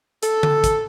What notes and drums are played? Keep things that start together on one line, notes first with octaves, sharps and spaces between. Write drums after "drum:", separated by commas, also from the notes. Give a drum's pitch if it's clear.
A4, drum: hi-hat
drum: tom D3
drum: kick, hi-hat